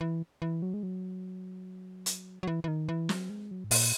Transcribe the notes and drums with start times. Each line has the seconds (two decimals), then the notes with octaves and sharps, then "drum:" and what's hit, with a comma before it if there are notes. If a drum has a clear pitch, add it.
0.01 E3
0.42 E3
0.62 F#3
0.74 G#3
0.83 F#3
2.06 drum: hi-hat
2.43 F#3
2.47 E3
2.64 E3
2.68 D#3
2.89 E3
3.09 F#3, drum: snare
3.30 G#3
3.51 F#3
3.64 G#2
3.71 A#2, drum: open hi-hat